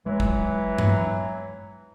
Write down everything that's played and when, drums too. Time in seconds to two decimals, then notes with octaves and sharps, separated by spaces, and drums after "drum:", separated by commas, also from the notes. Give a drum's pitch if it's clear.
0.06 E3 F#3 G#3
0.20 drum: kick
0.78 drum: tom G2